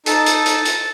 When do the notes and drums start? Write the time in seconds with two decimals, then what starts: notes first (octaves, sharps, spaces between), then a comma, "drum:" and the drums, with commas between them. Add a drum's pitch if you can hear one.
0.06 D#4 A4 A5, drum: hi-hat
0.26 drum: hi-hat
0.46 drum: hi-hat
0.65 drum: hi-hat